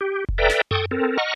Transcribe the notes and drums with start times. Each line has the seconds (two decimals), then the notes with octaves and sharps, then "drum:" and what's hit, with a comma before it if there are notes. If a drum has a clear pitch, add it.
0.01 G4
0.29 drum: kick F1
0.38 A4 B4 D5 E5 G5 A#5
0.49 drum: snare
0.71 A4 G5 C#6 D#6, drum: tom F#2
0.91 C4 A4 A#4
1.18 D#5 F#5 A#5 C#6 F6